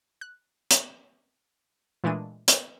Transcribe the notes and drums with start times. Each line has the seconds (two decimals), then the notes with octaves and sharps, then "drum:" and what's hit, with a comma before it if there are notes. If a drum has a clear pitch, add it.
0.21 F#6
0.71 drum: hi-hat
2.04 A#2 E3 G#3 A3 D4 D#7
2.48 drum: hi-hat